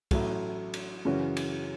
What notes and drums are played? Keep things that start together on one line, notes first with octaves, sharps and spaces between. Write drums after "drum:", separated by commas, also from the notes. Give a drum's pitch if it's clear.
A1 A2 F#3 A3 E4, drum: kick, cymbal
drum: cymbal
F#2 C#3 E3 C#4 F#4
drum: cymbal